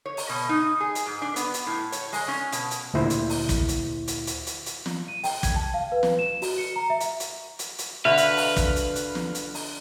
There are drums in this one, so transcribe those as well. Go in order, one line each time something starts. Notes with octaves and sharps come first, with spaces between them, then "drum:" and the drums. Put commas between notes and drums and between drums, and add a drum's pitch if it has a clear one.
C#5
drum: open hi-hat
B2
D#4
G#4
drum: hi-hat
G#2
D4
B3, drum: hi-hat
drum: hi-hat
A2
C#5, drum: hi-hat
G#3, drum: open hi-hat
C#4
B2, drum: hi-hat
drum: hi-hat
D2 A#2 E4 C5
drum: hi-hat
drum: open hi-hat
drum: kick, hi-hat
drum: hi-hat
drum: hi-hat
drum: hi-hat
drum: hi-hat
drum: hi-hat
drum: snare
D#7
G5, drum: open hi-hat
G#6, drum: kick, hi-hat
A5
F5
B4
drum: snare
E7
F#4, drum: open hi-hat
C#7
A#5
E5
drum: hi-hat
drum: hi-hat
drum: hi-hat
drum: hi-hat
D3 F#4 B4 E5 F5
drum: hi-hat
drum: open hi-hat
drum: kick, hi-hat
drum: hi-hat
drum: hi-hat
drum: snare
drum: hi-hat
drum: open hi-hat